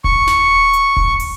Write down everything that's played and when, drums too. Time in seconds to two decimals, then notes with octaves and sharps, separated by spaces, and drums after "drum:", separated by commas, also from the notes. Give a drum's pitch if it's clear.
0.04 C#6, drum: kick D#1
0.27 drum: snare
0.73 drum: hi-hat
0.97 drum: kick D#1
1.20 drum: open hi-hat